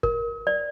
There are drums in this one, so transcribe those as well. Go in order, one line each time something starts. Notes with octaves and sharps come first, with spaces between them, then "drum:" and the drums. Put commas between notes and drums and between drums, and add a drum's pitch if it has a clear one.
A#4, drum: kick
D5